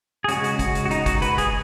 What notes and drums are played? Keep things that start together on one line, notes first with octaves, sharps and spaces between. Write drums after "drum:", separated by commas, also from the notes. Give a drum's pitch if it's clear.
G#4
C#3 G#3 C#4 F#4, drum: hi-hat
drum: hi-hat
F#4, drum: kick, hi-hat
drum: hi-hat
F#4
D#4, drum: hi-hat
F#4, drum: kick, hi-hat
B4, drum: hi-hat
G#4, drum: kick, hi-hat